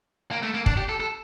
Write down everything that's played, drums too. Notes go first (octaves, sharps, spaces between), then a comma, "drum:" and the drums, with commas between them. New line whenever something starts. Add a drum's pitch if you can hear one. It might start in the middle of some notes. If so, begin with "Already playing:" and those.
A#3
A3
A#3
D4, drum: kick
G4
A4
A4